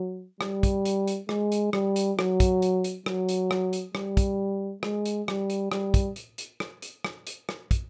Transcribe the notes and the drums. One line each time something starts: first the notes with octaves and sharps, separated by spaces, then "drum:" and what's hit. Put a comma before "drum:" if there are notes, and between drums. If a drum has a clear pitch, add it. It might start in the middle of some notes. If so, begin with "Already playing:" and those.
Already playing: F#3
G3, drum: rim click
drum: kick, hi-hat
drum: hi-hat
drum: hi-hat
G#3, drum: rim click
drum: hi-hat
G3, drum: rim click
drum: hi-hat
F#3, drum: rim click
drum: kick, hi-hat
drum: hi-hat
drum: hi-hat
F#3, drum: rim click
drum: hi-hat
drum: rim click
drum: hi-hat
G3, drum: rim click
drum: kick, hi-hat
G#3, drum: rim click
drum: hi-hat
G3, drum: rim click
drum: hi-hat
G3, drum: rim click
drum: kick, hi-hat
drum: hi-hat
drum: hi-hat
drum: rim click
drum: hi-hat
drum: rim click
drum: hi-hat
drum: rim click
drum: kick, hi-hat